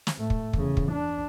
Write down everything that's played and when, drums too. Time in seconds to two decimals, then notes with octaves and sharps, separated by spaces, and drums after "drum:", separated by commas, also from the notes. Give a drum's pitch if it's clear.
0.07 drum: snare
0.17 A2 A3
0.30 drum: kick
0.53 E2 C#3, drum: kick
0.77 drum: kick
0.92 D4